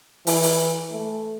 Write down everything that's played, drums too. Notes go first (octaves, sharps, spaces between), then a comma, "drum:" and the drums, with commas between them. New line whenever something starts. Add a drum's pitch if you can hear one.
E3, drum: open hi-hat
drum: open hi-hat
A3